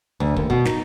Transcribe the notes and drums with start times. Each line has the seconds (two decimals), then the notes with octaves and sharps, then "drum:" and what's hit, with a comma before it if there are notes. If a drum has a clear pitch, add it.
0.20 D2
0.37 D#2, drum: kick
0.50 B2
0.65 D#4, drum: snare